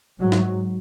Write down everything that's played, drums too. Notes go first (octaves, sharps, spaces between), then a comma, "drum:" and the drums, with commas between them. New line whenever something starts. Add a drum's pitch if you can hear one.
G#2 F#3
drum: snare